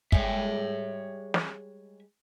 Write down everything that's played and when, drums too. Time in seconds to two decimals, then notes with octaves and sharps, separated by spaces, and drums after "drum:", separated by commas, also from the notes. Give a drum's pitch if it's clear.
0.12 G3 G#3 C#5 E5, drum: kick
1.34 drum: snare